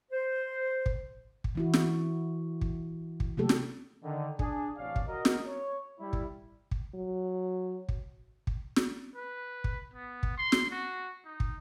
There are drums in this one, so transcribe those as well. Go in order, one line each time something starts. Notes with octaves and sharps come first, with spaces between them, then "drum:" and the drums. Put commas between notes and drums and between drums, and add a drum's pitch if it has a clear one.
C5
drum: kick
drum: kick
E3 E4 F#4
drum: snare
drum: kick
drum: kick
C3 F#3 A3 A#3 G4 A4
drum: snare
D3 D#3
D4 G#4, drum: kick
A1 C3 C#4 D4 D5 F5
drum: kick
F#4 A#4 D#5
drum: snare
C#5
G3 E4
drum: kick
drum: kick
F#3
drum: kick
drum: kick
drum: snare
B4
drum: kick
B3
drum: kick
C6
drum: snare
F#4
D#4
drum: kick